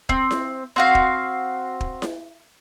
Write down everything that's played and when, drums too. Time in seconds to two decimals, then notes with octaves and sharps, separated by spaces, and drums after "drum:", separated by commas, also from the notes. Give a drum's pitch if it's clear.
0.09 C4, drum: kick
0.31 drum: snare E4
0.76 C4 F#4 F5
0.95 drum: kick
1.81 drum: kick
2.02 drum: snare E4